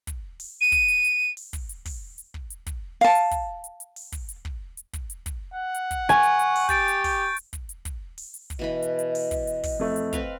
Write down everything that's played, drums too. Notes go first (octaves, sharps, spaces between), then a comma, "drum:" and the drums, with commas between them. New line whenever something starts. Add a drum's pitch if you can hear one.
drum: kick, hi-hat
drum: open hi-hat
D#7
drum: kick, hi-hat
drum: hi-hat
drum: hi-hat
drum: open hi-hat
drum: kick, hi-hat
drum: hi-hat
drum: kick, open hi-hat
drum: hi-hat
drum: kick
drum: hi-hat
drum: kick, hi-hat
F5 A5, drum: open hi-hat
drum: hi-hat
drum: kick, hi-hat
drum: hi-hat
drum: hi-hat
drum: open hi-hat
drum: kick, hi-hat
drum: hi-hat
drum: kick
drum: hi-hat
drum: kick, hi-hat
drum: hi-hat
drum: kick, hi-hat
F#5
drum: hi-hat
drum: kick, hi-hat
G#5 C#6, drum: hi-hat
drum: hi-hat
drum: hi-hat
drum: open hi-hat
G4 G6 A6 D7, drum: kick, hi-hat
drum: hi-hat
drum: kick, open hi-hat
drum: hi-hat
drum: kick, hi-hat
drum: hi-hat
drum: kick, hi-hat
drum: open hi-hat
drum: hi-hat
drum: kick, hi-hat
B2 E3 D#5 B5
drum: hi-hat
drum: hi-hat
drum: open hi-hat
drum: kick, hi-hat
drum: hi-hat
drum: kick, open hi-hat
F2 A3
drum: hi-hat
C4 B4 F5, drum: kick, hi-hat